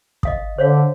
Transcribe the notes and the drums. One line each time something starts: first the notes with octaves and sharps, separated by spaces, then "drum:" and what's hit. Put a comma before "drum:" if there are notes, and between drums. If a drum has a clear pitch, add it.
D#5 F5 D#6, drum: kick
D3 C5 C#5 F5